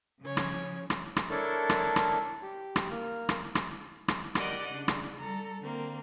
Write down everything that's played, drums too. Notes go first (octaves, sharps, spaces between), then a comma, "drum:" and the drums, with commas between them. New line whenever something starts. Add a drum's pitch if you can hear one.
C#3 F3 C#4 C#5
drum: rim click
drum: rim click
drum: rim click
D4 E4 A4 A#4 C#5 A5
drum: rim click
drum: rim click
G4
drum: rim click
A#3 F6
drum: rim click
drum: rim click
drum: rim click
G4 A#4 D5 D#5 F#5, drum: rim click
C#3 D4
drum: rim click
G3 A4 A#5
D3 A#3 C4 A#4